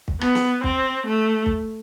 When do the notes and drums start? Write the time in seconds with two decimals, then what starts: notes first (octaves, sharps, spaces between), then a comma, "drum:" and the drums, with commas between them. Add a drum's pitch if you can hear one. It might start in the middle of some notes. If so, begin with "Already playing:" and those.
0.08 drum: kick
0.21 B3, drum: rim click
0.35 drum: snare
0.64 C4, drum: kick
1.07 A3
1.46 drum: kick